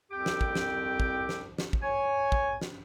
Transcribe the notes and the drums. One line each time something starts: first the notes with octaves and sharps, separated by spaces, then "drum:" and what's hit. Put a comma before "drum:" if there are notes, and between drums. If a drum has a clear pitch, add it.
C2 F2 C4 G4 G5 D6
drum: snare
drum: kick
drum: snare
drum: kick
drum: snare
drum: snare
drum: kick
C#5 G#5
drum: kick
drum: snare